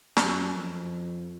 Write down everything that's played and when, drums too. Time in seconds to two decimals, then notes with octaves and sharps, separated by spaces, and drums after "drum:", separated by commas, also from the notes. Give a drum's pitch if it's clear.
0.17 F#2, drum: snare
0.56 F2